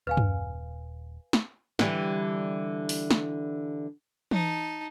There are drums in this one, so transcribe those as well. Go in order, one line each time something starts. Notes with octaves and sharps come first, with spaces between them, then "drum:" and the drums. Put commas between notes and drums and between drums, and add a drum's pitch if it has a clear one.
D#1 B4 F5 G#5
drum: tom F#2
drum: snare
D3 E3 G3, drum: snare
drum: open hi-hat
drum: snare
D#4 A5, drum: tom E3